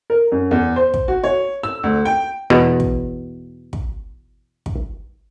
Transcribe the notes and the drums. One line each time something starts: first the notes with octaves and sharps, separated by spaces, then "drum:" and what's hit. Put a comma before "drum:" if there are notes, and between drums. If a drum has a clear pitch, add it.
A#4
F#2
E2
C5
drum: kick
F#4
C#5
E6
D2
G5
E2 B2
drum: kick
drum: kick
drum: kick